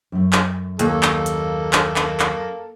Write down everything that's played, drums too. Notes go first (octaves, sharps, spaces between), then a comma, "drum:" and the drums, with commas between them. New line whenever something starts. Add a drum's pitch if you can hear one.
F#2 A3
drum: clap
D#2 A#3 A4, drum: hi-hat
drum: clap
drum: hi-hat
drum: clap
drum: clap
drum: clap